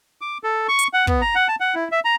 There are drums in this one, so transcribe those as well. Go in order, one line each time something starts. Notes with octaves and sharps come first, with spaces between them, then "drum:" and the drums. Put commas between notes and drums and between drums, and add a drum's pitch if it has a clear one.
D6
A4
C#6
drum: hi-hat
F#5
B3, drum: kick
A#5
F#5
A5
F#5
E4
E5
A#5